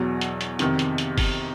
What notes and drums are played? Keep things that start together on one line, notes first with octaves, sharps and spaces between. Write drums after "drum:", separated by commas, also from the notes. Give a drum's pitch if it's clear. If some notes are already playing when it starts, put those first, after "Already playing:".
Already playing: E2 B2 F#3
drum: hi-hat
drum: hi-hat
F2 C3 D#3, drum: hi-hat
drum: hi-hat
drum: hi-hat
drum: kick G1, open hi-hat